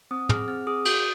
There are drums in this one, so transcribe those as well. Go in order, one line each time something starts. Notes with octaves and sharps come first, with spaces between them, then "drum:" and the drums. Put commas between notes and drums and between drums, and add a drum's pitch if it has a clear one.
C4 D#6
G#4 F6, drum: tom
C4 F6
G#4 D#6
F#4 D#6, drum: cymbal